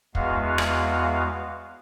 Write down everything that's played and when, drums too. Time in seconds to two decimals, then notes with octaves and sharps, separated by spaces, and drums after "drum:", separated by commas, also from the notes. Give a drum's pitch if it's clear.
0.15 E2 G#3 B3 F#4 F5, drum: kick
0.58 drum: rim click